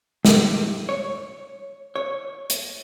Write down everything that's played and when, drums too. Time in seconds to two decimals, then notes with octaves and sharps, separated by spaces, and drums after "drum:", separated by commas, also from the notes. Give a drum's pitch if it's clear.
0.25 G2, drum: snare
0.89 C#5
1.96 C#5
2.50 drum: hi-hat